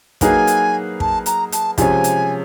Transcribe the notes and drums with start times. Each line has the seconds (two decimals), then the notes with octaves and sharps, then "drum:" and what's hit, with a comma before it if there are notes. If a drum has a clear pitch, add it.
0.21 F#3 A#3 D#4 G#4 B4 G#5, drum: kick, hi-hat
0.47 drum: hi-hat
1.00 A5, drum: kick
1.26 A#5, drum: hi-hat
1.52 A5, drum: hi-hat
1.78 C3 F3 G#3 C#4 G#5, drum: kick, hi-hat
2.04 drum: hi-hat